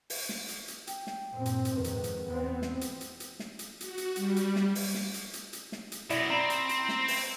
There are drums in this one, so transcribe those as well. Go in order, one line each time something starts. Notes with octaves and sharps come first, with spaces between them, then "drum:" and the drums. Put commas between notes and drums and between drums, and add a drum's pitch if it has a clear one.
drum: open hi-hat
drum: snare
drum: hi-hat
drum: hi-hat
G5, drum: hi-hat
drum: snare
G2 A#2 C4
drum: hi-hat
drum: hi-hat
F2 G#2 D#3 B4
drum: hi-hat
drum: hi-hat
E2 B3 C4
drum: snare
drum: hi-hat
drum: hi-hat
drum: hi-hat
drum: snare
drum: hi-hat
F#4, drum: hi-hat
drum: hi-hat
G3, drum: hi-hat
drum: hi-hat
drum: snare
drum: open hi-hat
drum: snare
drum: hi-hat
drum: hi-hat
drum: hi-hat
drum: snare
drum: hi-hat
F#2 B2 E4 D5, drum: hi-hat
C4 A#5 B5
drum: hi-hat
drum: hi-hat
drum: snare
drum: open hi-hat